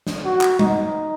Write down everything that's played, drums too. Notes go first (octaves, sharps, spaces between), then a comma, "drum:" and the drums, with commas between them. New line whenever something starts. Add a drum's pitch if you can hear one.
drum: snare
F#4
drum: clap
D#4, drum: tom G3